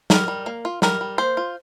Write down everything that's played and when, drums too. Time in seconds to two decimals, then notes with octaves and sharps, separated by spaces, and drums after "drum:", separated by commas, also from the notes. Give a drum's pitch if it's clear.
0.10 G3 A#4, drum: snare
0.28 G3
0.46 A#3
0.65 F4
0.82 G3 A#4, drum: snare
1.01 G3
1.18 A#3 C5
1.37 F4